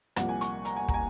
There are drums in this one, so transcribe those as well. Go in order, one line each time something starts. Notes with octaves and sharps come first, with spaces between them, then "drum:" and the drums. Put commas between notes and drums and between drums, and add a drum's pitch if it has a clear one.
C2 A#2 F3 A#3 F#5, drum: rim click
G#5
C#6, drum: hi-hat
A#5, drum: hi-hat
G#5
A#5, drum: kick
G#5